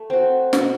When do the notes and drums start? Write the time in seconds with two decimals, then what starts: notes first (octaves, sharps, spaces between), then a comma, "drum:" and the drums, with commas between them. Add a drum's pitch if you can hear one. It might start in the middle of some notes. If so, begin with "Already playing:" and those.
Already playing: A3
0.10 C4 F#4
0.53 B2, drum: snare